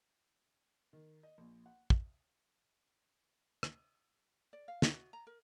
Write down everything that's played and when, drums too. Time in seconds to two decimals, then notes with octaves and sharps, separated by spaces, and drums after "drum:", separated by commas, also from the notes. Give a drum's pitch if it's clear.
0.93 D#3
1.23 D#5
1.38 A#1
1.66 F#5
1.90 drum: kick
3.63 drum: rim click
4.53 D5
4.68 F5
4.82 F#4, drum: snare
4.94 F#4
5.13 A#5
5.27 A#4